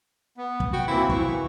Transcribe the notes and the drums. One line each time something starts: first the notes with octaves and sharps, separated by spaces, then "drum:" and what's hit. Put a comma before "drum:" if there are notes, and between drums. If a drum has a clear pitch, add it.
B3
drum: kick
F#4 G5
E3 A#3 C4 E4
E3 C#6, drum: kick